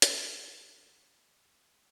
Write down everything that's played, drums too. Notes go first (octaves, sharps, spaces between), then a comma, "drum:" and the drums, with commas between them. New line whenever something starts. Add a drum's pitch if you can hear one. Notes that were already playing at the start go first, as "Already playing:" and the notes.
drum: hi-hat
E3 A3 C4 F4 F#4